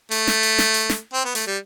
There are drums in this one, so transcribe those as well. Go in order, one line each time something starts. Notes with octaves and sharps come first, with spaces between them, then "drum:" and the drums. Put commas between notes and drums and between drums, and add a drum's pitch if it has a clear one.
A3, drum: hi-hat
drum: snare
drum: hi-hat
drum: snare
drum: hi-hat
drum: snare
C4
B3
A3, drum: hi-hat
G3